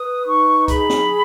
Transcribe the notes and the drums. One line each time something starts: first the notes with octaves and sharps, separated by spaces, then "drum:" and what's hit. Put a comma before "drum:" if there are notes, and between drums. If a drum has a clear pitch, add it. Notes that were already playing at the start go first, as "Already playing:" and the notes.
Already playing: B4 D#6
D#4 C#6
G#4 B5, drum: kick C#2, hi-hat
drum: snare